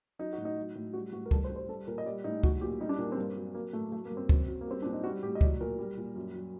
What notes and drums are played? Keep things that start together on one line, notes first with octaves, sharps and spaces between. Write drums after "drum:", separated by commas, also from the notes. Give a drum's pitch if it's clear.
F#3 D#4
F#4
A2
D#4
F#3
A2
G3 F#4
A2 F#4
A#4
G2 A4, drum: kick C#2
C5
G3
C5
G3 A4
A#2 A#4
D#5
G3 D5
A2 D#4
F#3 F#4, drum: kick C#2
A#2 G4
G3 D#4
D4
A#2 A#3
C4
G2 A#3
F#3
F#3 A#3
A2 A3
F#3 A3
A#3
G2
C4
F#2, drum: kick C#2
F#3
A#3
G3 C4
A#2 D4
D#4
G3 F#4
A2 G4
D#5
F#3 D5, drum: kick C#2
A#2 A#4
G3
A#2
F#2
F#3